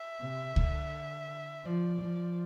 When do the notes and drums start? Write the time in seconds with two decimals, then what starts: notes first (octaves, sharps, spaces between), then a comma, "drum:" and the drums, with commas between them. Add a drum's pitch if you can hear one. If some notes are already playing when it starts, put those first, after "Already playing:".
Already playing: E5
0.20 C3
0.56 D3, drum: kick C#2
1.65 F3 D5
2.00 F3